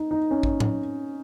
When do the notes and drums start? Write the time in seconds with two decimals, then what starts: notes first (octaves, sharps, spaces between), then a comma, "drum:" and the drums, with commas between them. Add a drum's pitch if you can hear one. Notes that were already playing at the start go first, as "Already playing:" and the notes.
Already playing: D#4
0.11 D#4
0.31 C#4
0.43 drum: kick A1
0.60 drum: tom